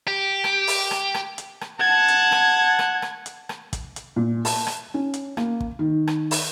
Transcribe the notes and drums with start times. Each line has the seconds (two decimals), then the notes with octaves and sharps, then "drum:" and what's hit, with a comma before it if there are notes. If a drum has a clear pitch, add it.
0.08 G4
0.44 drum: rim click
0.67 drum: open hi-hat
0.91 drum: rim click
1.14 drum: rim click
1.38 drum: hi-hat
1.61 drum: rim click
1.79 F#5 A5 G#6
2.08 drum: hi-hat
2.32 drum: rim click
2.79 drum: rim click
3.02 drum: rim click
3.26 drum: hi-hat
3.49 drum: rim click
3.73 drum: kick, hi-hat
3.96 drum: hi-hat
4.16 A#2
4.45 A5, drum: open hi-hat
4.67 drum: rim click
4.94 C#4
5.14 drum: hi-hat
5.37 A#3, drum: rim click
5.61 drum: kick
5.79 D#3
6.07 drum: rim click
6.31 drum: open hi-hat